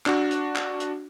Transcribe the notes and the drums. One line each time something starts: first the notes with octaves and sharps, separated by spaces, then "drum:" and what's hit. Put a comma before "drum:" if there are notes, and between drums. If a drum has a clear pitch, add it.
D4 F#4, drum: clap
drum: hi-hat
drum: clap
drum: hi-hat